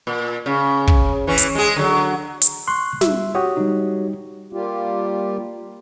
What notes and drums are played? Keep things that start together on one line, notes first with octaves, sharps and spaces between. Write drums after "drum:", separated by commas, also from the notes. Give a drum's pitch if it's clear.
A#2
C#3
drum: kick
E3 C#4
drum: hi-hat
G#3 G#4
D3 F#3
drum: hi-hat
C6 C#6 F#6
G3 E5, drum: snare
F#4 G4 C#5 F#5 D#6
G3 D#4
G3 A#3 F4 G4